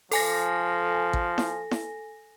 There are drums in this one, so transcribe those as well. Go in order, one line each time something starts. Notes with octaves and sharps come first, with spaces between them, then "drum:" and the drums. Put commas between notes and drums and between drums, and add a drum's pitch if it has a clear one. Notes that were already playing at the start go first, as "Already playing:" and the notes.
F3 A4 G#5 A#6, drum: open hi-hat
drum: kick A1
drum: snare E4
drum: snare E4